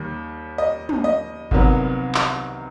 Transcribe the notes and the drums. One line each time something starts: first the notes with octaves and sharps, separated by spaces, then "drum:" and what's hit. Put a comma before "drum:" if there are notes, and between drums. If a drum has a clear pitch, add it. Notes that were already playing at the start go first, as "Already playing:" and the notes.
Already playing: D#2 D#3 G3
D#5
drum: tom
D#5
C2 C3 D#3 F#3 B3, drum: kick G1
drum: clap